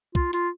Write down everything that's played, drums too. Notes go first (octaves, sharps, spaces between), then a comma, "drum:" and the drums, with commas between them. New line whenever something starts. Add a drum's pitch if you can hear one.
F4, drum: kick
F4, drum: hi-hat